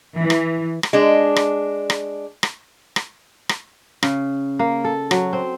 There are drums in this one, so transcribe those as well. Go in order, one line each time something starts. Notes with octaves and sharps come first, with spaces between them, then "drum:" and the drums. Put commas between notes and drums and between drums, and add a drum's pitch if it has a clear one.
E3
drum: rim click
drum: rim click
G#3 D4
drum: rim click
drum: rim click
drum: rim click
drum: rim click
drum: rim click
C#3, drum: rim click
A#3
A4
F#3, drum: rim click
C4